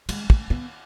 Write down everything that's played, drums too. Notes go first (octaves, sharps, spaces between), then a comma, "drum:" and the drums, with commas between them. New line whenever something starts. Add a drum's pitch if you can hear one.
G#3, drum: cymbal
A3, drum: kick
B3